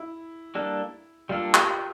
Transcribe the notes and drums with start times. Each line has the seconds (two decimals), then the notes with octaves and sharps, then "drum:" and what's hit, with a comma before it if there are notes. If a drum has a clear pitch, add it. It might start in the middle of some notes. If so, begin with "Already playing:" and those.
Already playing: E4
0.55 G3 A#3 D4 A4
1.29 G3 A#3 D4 F4 A4
1.54 G4, drum: clap